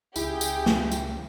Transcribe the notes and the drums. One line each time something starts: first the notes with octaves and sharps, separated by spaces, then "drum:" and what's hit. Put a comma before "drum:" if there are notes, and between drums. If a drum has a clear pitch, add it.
C#2 E4 G4 G#4 G6, drum: tambourine
drum: tambourine
drum: snare
drum: tambourine